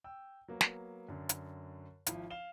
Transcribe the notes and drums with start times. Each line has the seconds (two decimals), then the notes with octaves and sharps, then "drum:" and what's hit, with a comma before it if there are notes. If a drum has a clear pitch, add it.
0.04 G5 E6
0.48 F#3 A#3 B3
0.61 drum: snare
1.08 F#2 D3
1.29 drum: hi-hat
2.06 G#1 F3 E4, drum: hi-hat
2.30 F5 E7 G7